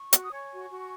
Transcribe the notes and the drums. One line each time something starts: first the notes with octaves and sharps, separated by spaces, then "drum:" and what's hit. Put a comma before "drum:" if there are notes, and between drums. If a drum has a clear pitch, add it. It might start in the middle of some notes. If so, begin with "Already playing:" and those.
Already playing: C#6
F#4 F#6, drum: hi-hat
D#6
C#5 G#5 C#6
F#4
F#4